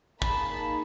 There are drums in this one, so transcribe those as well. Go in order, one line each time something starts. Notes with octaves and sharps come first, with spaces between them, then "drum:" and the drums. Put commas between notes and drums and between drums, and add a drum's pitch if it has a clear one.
A#3 D#4 G#4 A5 B5, drum: kick